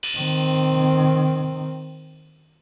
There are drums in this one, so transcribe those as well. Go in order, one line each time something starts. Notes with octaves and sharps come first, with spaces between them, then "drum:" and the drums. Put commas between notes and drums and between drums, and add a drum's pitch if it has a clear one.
drum: cymbal
D#3 C4